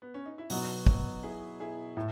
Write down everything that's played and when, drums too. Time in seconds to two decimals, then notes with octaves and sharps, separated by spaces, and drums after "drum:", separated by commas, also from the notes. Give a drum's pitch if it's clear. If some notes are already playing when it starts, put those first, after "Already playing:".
0.02 B3
0.14 C#4
0.26 D#4
0.38 E4
0.50 B2 F#3 B3 D#4 F#4, drum: open hi-hat
0.87 drum: kick
1.23 E4 G#4
1.60 E4 G#4
1.97 A2 A3